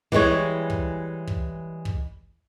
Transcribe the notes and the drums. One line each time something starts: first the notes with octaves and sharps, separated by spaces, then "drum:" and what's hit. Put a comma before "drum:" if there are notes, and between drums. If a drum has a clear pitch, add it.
E3 G3 G#3 C#5, drum: kick
drum: kick
drum: kick
drum: kick